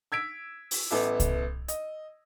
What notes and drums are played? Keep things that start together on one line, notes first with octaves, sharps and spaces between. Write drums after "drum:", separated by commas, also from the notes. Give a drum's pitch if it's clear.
E6 G#6 B6 D7
drum: open hi-hat
A1 B3 E4 A4 D6
drum: kick C2, hi-hat
D#5, drum: hi-hat